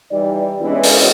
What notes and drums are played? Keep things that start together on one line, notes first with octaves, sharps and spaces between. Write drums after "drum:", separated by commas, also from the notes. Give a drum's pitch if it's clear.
E3 G3 D#4 G4 D5
E3 G#3 B3 C#4 D4 E4
drum: open hi-hat